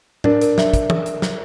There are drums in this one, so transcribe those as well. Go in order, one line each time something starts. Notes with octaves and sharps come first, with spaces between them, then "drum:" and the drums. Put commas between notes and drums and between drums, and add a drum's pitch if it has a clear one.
D4 A#4, drum: tom
A#4, drum: hi-hat
E5, drum: snare
drum: kick, hi-hat
drum: tom
drum: hi-hat
drum: snare